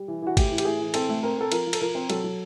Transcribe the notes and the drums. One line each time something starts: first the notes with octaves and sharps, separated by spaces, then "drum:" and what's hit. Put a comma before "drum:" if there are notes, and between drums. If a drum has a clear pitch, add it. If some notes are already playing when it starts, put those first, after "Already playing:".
Already playing: G3
E3
E3 F#4
A2 G4, drum: kick, cymbal
E3
G4, drum: cymbal
A2 G#4
E3
C4 A4, drum: cymbal
A3
C4 A#4
C4 A4
F3 A#4, drum: cymbal
F3
A4, drum: cymbal
F3 A#4
C4
F#3 A4, drum: cymbal
F#3